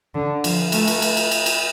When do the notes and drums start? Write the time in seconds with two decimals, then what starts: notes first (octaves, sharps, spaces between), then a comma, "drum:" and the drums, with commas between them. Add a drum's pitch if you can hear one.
0.15 D3
0.44 F3, drum: cymbal
0.72 A3, drum: cymbal
0.87 drum: cymbal
1.02 drum: cymbal
1.17 drum: cymbal
1.31 drum: cymbal
1.46 drum: cymbal